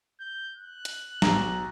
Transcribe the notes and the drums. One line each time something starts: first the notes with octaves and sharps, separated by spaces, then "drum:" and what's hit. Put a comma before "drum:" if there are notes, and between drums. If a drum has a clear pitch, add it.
G6
F#6
drum: hi-hat
B1 A#5, drum: snare